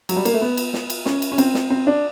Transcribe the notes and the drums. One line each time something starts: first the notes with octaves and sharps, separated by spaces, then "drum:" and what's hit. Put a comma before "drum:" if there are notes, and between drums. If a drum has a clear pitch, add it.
F#3, drum: cymbal
G3
A#3, drum: cymbal
A3
B3
drum: cymbal
drum: snare
drum: cymbal
C#4, drum: snare
drum: cymbal
C#4
C4, drum: cymbal
drum: snare
C4
D4